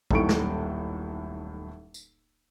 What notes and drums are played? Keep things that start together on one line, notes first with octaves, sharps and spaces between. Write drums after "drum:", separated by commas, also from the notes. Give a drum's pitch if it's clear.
D#1 B1 A2 A4 C#6 D7, drum: kick
drum: snare
drum: tambourine